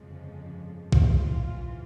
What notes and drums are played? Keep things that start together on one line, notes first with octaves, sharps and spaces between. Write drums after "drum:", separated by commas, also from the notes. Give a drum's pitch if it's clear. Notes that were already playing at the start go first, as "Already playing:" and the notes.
Already playing: G1 F2 C#3 F3 G#3
A#1 G#2 E3 F4, drum: kick